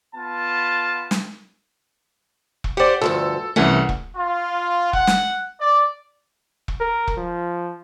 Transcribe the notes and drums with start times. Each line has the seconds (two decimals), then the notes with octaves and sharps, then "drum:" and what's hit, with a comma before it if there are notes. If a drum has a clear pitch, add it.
0.15 B3 F4 A5
1.11 drum: snare
2.64 drum: kick E1
2.77 G4 C5 D5 F#5
3.02 D2 G2 F3 A4
3.56 C2 E3 A3 C#4 F#5
3.89 drum: kick E1
4.16 F4
4.93 F#5, drum: kick E1
5.07 drum: snare
5.61 D5
6.68 drum: kick E1
6.80 A#4
7.08 drum: kick E1
7.17 F3